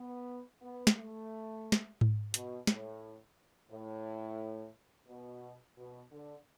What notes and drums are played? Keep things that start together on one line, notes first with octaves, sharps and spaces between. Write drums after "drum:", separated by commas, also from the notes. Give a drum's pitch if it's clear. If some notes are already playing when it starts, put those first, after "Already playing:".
Already playing: B3
B3
drum: snare
A3
drum: snare
drum: tom G#2
B2, drum: hi-hat
A2, drum: snare
A2
B2
B2
D3